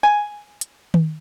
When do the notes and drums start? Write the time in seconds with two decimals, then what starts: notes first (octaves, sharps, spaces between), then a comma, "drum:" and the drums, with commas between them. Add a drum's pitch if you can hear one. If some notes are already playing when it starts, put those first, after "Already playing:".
0.03 G#5
0.61 drum: hi-hat
0.94 drum: tom D#3